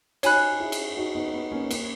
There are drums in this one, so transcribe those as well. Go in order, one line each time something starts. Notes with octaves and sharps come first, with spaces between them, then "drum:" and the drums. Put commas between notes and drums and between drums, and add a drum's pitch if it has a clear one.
D#4 F#4 C#5 G#5 B5 F#6, drum: cymbal
E4 G#4
drum: cymbal
D#4 F#4
B3 D#4
B3
A#3 C#4
A#3 C#4, drum: cymbal